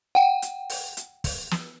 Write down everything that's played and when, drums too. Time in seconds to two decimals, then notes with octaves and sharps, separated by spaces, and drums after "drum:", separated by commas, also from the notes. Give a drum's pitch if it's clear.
0.15 F#5 G5
0.42 drum: hi-hat
0.70 drum: open hi-hat
0.97 drum: hi-hat
1.24 drum: kick, open hi-hat
1.51 drum: snare